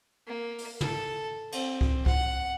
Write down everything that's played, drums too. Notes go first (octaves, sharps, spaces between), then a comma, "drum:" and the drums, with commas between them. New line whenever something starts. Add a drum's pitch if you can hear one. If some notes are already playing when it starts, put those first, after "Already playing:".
A#3
drum: open hi-hat
A4, drum: tom
C4, drum: cymbal
drum: kick C2
F#5, drum: kick C2